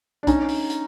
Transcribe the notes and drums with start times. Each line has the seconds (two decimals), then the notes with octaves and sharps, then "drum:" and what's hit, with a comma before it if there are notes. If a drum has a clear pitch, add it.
0.23 D4
0.27 C#4 D#4, drum: kick B1, hi-hat
0.49 drum: open hi-hat
0.70 drum: hi-hat